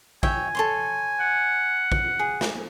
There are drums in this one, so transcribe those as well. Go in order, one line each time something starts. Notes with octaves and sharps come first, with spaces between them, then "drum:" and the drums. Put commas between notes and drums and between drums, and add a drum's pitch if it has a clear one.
C#5 E5 G5 G#5, drum: kick
A4 C#5 C6
F#5
drum: kick
G#4
drum: snare